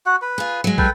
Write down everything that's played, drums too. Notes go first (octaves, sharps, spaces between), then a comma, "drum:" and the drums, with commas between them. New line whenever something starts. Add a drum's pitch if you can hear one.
F#4 F#5
B4
F4 G#4
F#3 G#3
A4 B4 G5, drum: kick